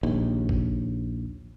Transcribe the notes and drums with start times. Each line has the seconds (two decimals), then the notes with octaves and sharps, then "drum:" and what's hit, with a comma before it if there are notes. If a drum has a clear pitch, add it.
0.03 A#1 D#2
0.49 drum: kick G#1